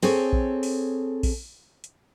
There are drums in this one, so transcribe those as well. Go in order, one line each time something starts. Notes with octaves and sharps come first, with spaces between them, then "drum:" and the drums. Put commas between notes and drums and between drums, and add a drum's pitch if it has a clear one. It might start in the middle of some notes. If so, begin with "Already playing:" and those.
C4 G#4 A4 C#5, drum: open hi-hat
drum: kick A#1
drum: open hi-hat
drum: kick A#1, open hi-hat
drum: hi-hat